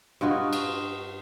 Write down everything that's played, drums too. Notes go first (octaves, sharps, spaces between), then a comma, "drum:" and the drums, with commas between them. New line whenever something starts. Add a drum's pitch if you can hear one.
G2 F4 F#4 D#5
drum: cymbal